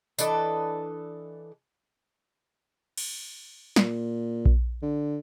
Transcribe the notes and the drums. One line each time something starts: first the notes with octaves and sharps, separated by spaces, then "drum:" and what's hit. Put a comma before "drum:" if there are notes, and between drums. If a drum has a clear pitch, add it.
E3 D4 A4 D#5, drum: tambourine
drum: cymbal
A#2, drum: snare
drum: kick A#1
D3